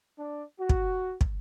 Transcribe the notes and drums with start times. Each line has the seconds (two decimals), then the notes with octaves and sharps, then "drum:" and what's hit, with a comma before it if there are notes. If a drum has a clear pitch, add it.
0.18 D4
0.59 F#4
0.69 drum: kick
1.21 drum: kick